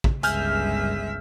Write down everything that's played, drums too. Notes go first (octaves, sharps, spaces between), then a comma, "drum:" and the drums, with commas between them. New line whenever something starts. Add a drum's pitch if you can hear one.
drum: kick
G1 C#2 G#3 E5 G#5 F6 G6, drum: hi-hat